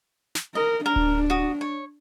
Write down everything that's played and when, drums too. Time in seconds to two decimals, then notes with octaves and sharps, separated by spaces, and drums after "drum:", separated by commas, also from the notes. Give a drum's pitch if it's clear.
0.35 drum: snare
0.55 A#4 D#5
0.86 D4 A#4
0.96 drum: kick D1
1.30 F#4 D#6
1.61 C#5